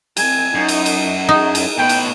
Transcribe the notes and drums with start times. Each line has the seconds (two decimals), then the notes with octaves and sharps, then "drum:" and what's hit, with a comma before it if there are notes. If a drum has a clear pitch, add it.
0.17 C4 G#5, drum: cymbal
0.55 F#2 D#4
0.68 drum: cymbal
0.86 drum: cymbal
1.29 D#4 G#4
1.55 drum: cymbal
1.78 A2 B3 B4 G5
1.89 drum: cymbal